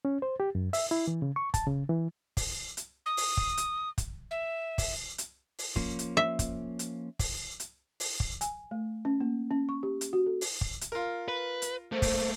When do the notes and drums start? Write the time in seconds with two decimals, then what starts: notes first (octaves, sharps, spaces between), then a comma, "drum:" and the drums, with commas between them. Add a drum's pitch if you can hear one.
0.05 C#4
0.22 C5
0.40 G4
0.55 F#2
0.73 E5, drum: open hi-hat
0.91 E4
1.08 E3
1.22 C#3
1.36 C#6
1.54 A5, drum: kick, hi-hat
1.67 C#3
1.89 E3
2.37 drum: kick, open hi-hat
2.77 drum: hi-hat
3.06 D#6
3.17 drum: open hi-hat
3.37 drum: kick
3.57 drum: hi-hat
3.98 drum: kick, hi-hat
4.31 E5
4.78 drum: kick, open hi-hat
5.18 drum: hi-hat
5.59 drum: open hi-hat
5.76 F3 A#3 C#4, drum: kick
5.99 drum: hi-hat
6.17 E5
6.39 drum: kick, hi-hat
6.79 drum: hi-hat
7.19 drum: kick, open hi-hat
7.60 drum: hi-hat
8.00 drum: open hi-hat
8.20 drum: kick
8.41 G#5, drum: hi-hat
8.71 A3
9.05 C#4
9.20 A#3
9.51 C#4
9.69 C#6
9.83 G4
10.01 drum: hi-hat
10.13 F#4
10.26 A4
10.41 drum: open hi-hat
10.61 drum: kick
10.81 drum: hi-hat
10.92 F4 A#4
11.28 B4
11.62 drum: hi-hat
11.92 A3 A#3 C5
12.02 drum: kick, open hi-hat